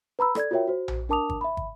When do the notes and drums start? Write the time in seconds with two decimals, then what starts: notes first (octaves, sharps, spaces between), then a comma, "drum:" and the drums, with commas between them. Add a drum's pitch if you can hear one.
0.19 B4 A#5 B5 E6
0.35 A4 D5 G#6, drum: rim click
0.51 F4 F#4 A#4 C#5 E5 G5
0.68 F#4 C5
0.88 drum: tom A#1
1.09 D4 A#4 A5 D6 D#6 F7
1.30 drum: kick
1.41 E5 B5
1.57 drum: kick